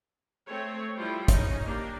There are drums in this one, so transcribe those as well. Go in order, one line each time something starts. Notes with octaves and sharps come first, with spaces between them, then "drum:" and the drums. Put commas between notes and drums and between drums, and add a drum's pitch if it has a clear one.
A3 C4 C#5
F3 G3 E4 F4 G5
C#4 D#4, drum: kick, hi-hat
A#3 D4 G4